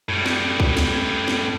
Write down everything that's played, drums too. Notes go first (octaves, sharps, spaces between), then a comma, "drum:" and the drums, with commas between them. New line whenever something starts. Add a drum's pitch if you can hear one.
F#2 A2 G3
drum: snare
drum: kick C2
drum: snare
drum: snare